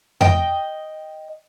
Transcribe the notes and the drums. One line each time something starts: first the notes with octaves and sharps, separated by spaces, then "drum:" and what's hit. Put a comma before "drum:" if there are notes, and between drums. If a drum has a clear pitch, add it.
D#5 G5, drum: tom F2